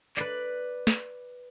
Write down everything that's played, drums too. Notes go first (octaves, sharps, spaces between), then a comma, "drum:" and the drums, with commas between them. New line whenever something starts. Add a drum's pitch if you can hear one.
B4 D5, drum: clap
drum: snare